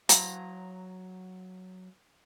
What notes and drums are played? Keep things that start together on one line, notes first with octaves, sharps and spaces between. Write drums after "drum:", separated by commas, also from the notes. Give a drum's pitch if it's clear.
F#3 F5 A#5, drum: hi-hat